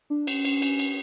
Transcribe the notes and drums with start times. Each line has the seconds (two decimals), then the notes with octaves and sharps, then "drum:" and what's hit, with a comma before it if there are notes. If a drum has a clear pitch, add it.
0.10 D4
0.27 C#4, drum: cymbal
0.45 drum: cymbal
0.62 drum: cymbal
0.79 drum: cymbal